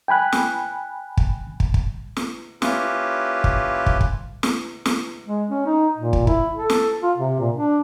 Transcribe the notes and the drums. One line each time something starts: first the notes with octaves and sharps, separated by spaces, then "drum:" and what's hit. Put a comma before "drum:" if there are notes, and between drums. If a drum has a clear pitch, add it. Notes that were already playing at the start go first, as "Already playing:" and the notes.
G5 G#5 B5 F#6
drum: snare
drum: kick
drum: kick
drum: kick
drum: snare
A#3 C#4 E4 F4 G4 B4, drum: snare
drum: kick
drum: kick
drum: kick
drum: snare
drum: snare
G#3
C#4
D#4
A#2
drum: kick
E4, drum: kick
A4
drum: snare
F4
C3
A#2
D4